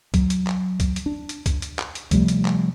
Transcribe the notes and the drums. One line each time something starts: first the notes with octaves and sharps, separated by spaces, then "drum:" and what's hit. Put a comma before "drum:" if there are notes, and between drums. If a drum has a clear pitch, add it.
F#3, drum: kick C2, hi-hat
drum: hi-hat
drum: clap
drum: kick C2, hi-hat
drum: hi-hat
D4
drum: hi-hat
drum: kick C2, hi-hat
drum: hi-hat
drum: clap
drum: hi-hat
C3 F3 G3 A3, drum: kick C2, hi-hat
drum: hi-hat
drum: clap